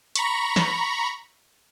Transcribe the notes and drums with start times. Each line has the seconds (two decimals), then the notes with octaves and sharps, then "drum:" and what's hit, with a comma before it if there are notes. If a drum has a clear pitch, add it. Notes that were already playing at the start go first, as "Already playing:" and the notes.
0.16 A#5 B5 C#6, drum: hi-hat
0.56 drum: snare